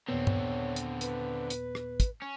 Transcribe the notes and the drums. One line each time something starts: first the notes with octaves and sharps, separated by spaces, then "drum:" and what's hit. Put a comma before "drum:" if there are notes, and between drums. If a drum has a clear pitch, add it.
D#2 A#2 D3 B3 C4 C#5
drum: tom G2
drum: hi-hat
B4, drum: hi-hat
drum: hi-hat
drum: rim click
drum: kick, hi-hat
C#4